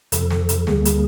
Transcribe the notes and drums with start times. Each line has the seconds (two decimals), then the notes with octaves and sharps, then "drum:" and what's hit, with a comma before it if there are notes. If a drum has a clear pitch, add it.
0.12 F2 C3 F3 A4, drum: hi-hat
0.30 drum: snare
0.49 drum: hi-hat
0.67 D2 D3 G3 A#3 G#4, drum: snare
0.85 drum: hi-hat